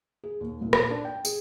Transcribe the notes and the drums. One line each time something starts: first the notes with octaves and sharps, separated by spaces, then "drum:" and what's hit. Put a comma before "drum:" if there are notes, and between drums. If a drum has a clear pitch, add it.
G#4
D#2
C2
A#2, drum: rim click
D4
G5
G#4, drum: tambourine